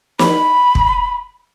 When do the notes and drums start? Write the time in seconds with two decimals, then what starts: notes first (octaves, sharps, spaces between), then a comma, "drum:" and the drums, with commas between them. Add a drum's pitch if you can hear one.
0.19 B5, drum: snare
0.75 drum: kick